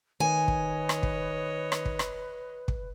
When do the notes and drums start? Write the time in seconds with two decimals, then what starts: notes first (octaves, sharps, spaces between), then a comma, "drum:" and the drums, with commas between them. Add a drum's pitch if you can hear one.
0.20 D#3 B4 C#5 D#5 G#5
0.48 drum: kick
0.89 drum: rim click
1.03 drum: kick
1.72 drum: rim click
1.85 drum: kick
1.99 drum: rim click
2.68 drum: kick